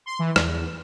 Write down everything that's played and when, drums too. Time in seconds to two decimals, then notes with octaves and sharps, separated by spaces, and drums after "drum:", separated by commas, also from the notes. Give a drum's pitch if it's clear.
0.06 C6
0.19 E3
0.36 E2, drum: rim click